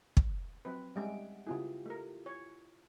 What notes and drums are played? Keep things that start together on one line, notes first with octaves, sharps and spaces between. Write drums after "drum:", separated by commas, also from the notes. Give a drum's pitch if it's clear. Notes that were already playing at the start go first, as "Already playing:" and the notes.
drum: kick
F#3 C4 B4
G3 G#3 C#4 E5 F#5 D7
C#3 B3 E4 F4 G4 G#4
A3 A#4
C#5